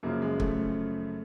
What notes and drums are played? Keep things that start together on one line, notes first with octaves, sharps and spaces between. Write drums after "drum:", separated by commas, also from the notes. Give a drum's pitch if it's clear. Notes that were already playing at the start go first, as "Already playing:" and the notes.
F#2 C#3 F3 A#3
G#3
A3, drum: kick